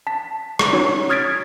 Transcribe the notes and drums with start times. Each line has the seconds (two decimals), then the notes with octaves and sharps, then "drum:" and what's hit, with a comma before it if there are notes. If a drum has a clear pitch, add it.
0.07 A5 B6
0.59 drum: rim click
0.73 C#4 D#4 F#4 C#5
1.09 D#6 F6 G#6 A6 B6 D7